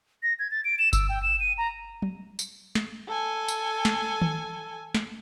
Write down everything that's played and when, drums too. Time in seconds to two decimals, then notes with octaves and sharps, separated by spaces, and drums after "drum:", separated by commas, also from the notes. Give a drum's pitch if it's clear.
0.23 A#6
0.39 G#6
0.51 A6
0.65 D7
0.79 E7
0.93 E6, drum: kick G1, tambourine
1.09 G5
1.23 E7
1.40 D#7
1.58 A#5
2.02 drum: tom
2.39 drum: tambourine
2.75 drum: snare
3.08 A4 G#5
3.48 drum: tambourine
3.85 drum: snare
4.21 drum: tom D#3
4.95 drum: snare